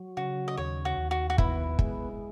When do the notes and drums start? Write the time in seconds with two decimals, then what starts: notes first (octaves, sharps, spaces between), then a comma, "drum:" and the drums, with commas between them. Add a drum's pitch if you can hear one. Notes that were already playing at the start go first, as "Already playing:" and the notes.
Already playing: F#3
0.17 C#3 F#4
0.48 D#5
0.57 D#2 C#5
0.85 F#4
0.98 D#2
1.11 F#4
1.30 F#4
1.38 B3 E4, drum: kick
1.79 G#3, drum: kick